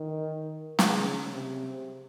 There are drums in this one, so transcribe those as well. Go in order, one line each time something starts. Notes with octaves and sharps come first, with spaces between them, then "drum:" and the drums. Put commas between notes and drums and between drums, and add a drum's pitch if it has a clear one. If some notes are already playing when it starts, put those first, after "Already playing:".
Already playing: D#3
C#3, drum: snare
C3